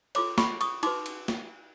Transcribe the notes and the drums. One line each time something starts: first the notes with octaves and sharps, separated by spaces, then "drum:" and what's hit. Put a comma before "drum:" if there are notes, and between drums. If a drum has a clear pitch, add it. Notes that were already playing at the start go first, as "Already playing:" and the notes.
F4 A4 C#5 C6 D6, drum: cymbal
B5 C#6, drum: snare
C#6 D#6, drum: cymbal
D#4 F#4 B4 C6 D6, drum: cymbal
drum: cymbal
drum: snare